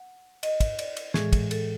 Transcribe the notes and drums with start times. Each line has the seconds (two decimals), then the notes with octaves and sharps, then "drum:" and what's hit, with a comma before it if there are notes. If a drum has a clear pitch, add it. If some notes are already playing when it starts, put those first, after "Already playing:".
Already playing: F#5
0.43 D#5, drum: cymbal
0.60 drum: kick, cymbal
0.79 D5, drum: cymbal
0.97 drum: cymbal
1.14 A2 E3 G#3 G#4, drum: snare
1.33 drum: kick, cymbal
1.51 A4, drum: cymbal